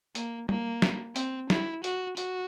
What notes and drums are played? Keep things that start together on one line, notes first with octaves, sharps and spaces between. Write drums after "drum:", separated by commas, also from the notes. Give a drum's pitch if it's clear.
A#3, drum: hi-hat
A#3, drum: tom
drum: snare
C4, drum: hi-hat
E4, drum: snare
F#4, drum: hi-hat
F#4, drum: hi-hat